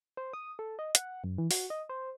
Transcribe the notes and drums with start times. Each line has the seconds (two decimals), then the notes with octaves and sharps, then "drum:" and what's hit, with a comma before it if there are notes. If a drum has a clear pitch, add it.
0.17 C5
0.33 D#6
0.59 A4
0.79 D#5
0.95 F#5, drum: hi-hat
1.24 F#2
1.38 E3
1.51 F#4, drum: open hi-hat
1.70 D#5
1.89 C5